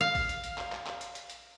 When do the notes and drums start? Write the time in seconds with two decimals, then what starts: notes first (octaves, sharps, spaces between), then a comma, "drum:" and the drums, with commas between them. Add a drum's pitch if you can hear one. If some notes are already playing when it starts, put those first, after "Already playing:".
0.01 F5
0.15 drum: kick A#1, open hi-hat
0.29 drum: hi-hat
0.44 drum: hi-hat
0.58 drum: clap
0.72 drum: clap
0.87 drum: clap
1.01 drum: hi-hat
1.15 drum: hi-hat
1.30 drum: hi-hat